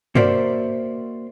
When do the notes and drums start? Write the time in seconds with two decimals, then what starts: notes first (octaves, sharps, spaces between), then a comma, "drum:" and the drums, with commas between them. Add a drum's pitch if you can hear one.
0.15 A#3 F#4 A#4 C5 D5 E5, drum: tom